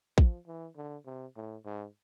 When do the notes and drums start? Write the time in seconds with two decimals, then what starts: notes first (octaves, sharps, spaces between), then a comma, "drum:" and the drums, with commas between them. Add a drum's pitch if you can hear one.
0.18 F3, drum: kick
0.47 E3
0.76 D3
1.06 C3
1.36 A2
1.65 G#2